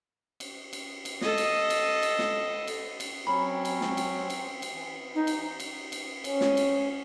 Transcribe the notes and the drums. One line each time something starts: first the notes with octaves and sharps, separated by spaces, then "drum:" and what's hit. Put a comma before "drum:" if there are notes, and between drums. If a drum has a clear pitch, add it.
drum: cymbal
drum: cymbal
drum: cymbal
A4 D#5, drum: snare
drum: cymbal
drum: cymbal
drum: cymbal
drum: snare
drum: cymbal
drum: cymbal
F#3 C4 C#4 B5
drum: cymbal
drum: snare
drum: cymbal
drum: cymbal
drum: cymbal
E3
D#4
drum: cymbal
drum: cymbal
drum: cymbal
C#4, drum: cymbal
drum: snare
drum: cymbal